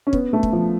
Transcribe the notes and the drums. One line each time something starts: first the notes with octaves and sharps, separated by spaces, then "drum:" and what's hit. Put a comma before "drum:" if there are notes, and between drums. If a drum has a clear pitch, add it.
C#4
B3, drum: kick
A3
drum: kick
F3